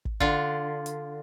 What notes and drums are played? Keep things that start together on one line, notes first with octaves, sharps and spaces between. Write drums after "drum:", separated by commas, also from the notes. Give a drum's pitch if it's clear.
drum: kick
D3 F4, drum: kick
drum: hi-hat